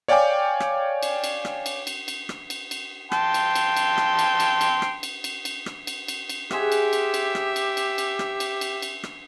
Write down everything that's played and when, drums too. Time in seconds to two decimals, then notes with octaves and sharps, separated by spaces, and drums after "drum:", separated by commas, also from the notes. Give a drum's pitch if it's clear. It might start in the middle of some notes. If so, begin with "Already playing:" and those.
0.08 C#5 D5 F5 G5 G#5 D6
0.60 drum: rim click
1.03 drum: cymbal
1.24 drum: cymbal
1.45 drum: rim click
1.66 drum: cymbal
1.87 drum: cymbal
2.08 drum: cymbal
2.29 drum: rim click
2.50 drum: cymbal
2.71 drum: cymbal
3.12 G5 A5 C6, drum: rim click
3.34 drum: cymbal
3.55 drum: cymbal
3.77 drum: cymbal
3.98 drum: rim click
4.19 drum: cymbal
4.40 drum: cymbal
4.61 drum: cymbal
4.82 drum: rim click
5.03 drum: cymbal
5.24 drum: cymbal
5.45 drum: cymbal
5.66 drum: rim click
5.87 drum: cymbal
6.08 drum: cymbal
6.29 drum: cymbal
6.51 G4 G#4 C5 E5 F#5, drum: rim click
6.72 drum: cymbal
6.93 drum: cymbal
7.14 drum: cymbal
7.35 drum: rim click
7.56 drum: cymbal
7.77 drum: cymbal
7.98 drum: cymbal
8.19 drum: rim click
8.40 drum: cymbal
8.61 drum: cymbal
8.82 drum: cymbal
9.04 drum: rim click